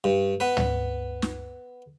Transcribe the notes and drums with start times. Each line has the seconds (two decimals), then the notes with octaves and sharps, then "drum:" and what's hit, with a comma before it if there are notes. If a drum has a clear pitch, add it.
0.04 G2
0.40 B3 B4
0.57 drum: tom
1.22 drum: snare